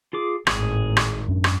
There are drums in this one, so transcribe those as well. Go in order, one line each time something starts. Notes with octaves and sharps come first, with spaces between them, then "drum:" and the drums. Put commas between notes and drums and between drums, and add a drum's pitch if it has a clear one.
F4 G#4 D6
G#1 A2 G#4, drum: rim click
drum: rim click
F#2 C#4 D4
drum: rim click